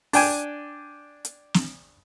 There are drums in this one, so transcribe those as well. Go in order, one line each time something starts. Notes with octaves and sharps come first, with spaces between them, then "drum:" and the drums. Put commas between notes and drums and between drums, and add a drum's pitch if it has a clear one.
D4 G5 G#5, drum: open hi-hat
drum: hi-hat
drum: snare